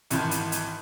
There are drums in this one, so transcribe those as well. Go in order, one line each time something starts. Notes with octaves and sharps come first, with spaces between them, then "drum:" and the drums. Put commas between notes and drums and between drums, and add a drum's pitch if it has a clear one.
G#1 D#3 E3 A5 B5 C6, drum: hi-hat
drum: hi-hat
drum: hi-hat